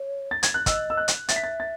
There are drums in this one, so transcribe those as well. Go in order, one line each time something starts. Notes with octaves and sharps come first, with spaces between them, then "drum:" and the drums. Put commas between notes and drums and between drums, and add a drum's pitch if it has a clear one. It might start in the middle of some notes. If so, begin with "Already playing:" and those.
Already playing: C#5
A6
G#6, drum: hi-hat
F#6
D#5 E6, drum: kick, hi-hat
E6
F#6
drum: hi-hat
E5 A6, drum: hi-hat
B6
A6
A6